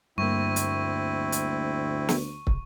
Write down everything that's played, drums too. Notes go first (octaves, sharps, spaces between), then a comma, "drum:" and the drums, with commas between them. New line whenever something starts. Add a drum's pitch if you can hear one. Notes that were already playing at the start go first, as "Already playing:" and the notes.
D2 G2 A#3 C4 E4 C#6
drum: hi-hat
drum: hi-hat
drum: snare
drum: kick